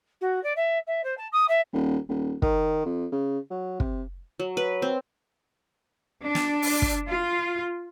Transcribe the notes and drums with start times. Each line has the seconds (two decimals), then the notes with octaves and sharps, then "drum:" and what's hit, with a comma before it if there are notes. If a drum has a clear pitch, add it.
0.21 F#4
0.43 D5
0.56 E5
0.87 E5
1.04 C5
1.17 A5
1.32 D#6
1.48 E5
1.73 D#1
2.09 D#1
2.42 D#3, drum: kick
2.85 F2
3.12 C#3
3.50 F#3
3.80 C3, drum: kick
4.39 F#3
4.57 B4
4.82 C4
6.25 D4
6.35 drum: snare
6.62 drum: open hi-hat
6.82 drum: kick
7.08 F4